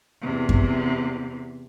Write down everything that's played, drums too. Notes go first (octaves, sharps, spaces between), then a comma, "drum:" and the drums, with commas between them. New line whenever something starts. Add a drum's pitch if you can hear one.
E2 C3
drum: kick F#2